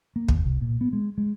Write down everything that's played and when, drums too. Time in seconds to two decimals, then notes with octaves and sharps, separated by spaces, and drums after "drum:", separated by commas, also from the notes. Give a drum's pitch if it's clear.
0.16 A#3
0.28 D#2, drum: kick
0.45 C2
0.61 A#2
0.81 B3
0.93 G#3
1.18 G#3